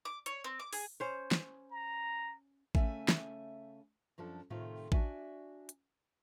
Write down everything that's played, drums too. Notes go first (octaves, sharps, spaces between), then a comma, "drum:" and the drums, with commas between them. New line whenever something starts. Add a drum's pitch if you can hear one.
D6
C#5, drum: hi-hat
C4
D6
G#4, drum: open hi-hat
C#4 C5 C#5
drum: snare
A#5
C#3 F#3 A3 E5 G#5, drum: kick A1
drum: snare
F#2 F3 D4 A4
A2 C3 D#3 A3 C4 F4
D4 F#4 D5 E5 G#5, drum: kick A1
drum: hi-hat